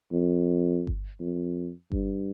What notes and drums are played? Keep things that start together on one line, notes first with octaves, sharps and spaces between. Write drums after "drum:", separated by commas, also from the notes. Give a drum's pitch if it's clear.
F2
drum: kick G1
F2
G2, drum: kick G1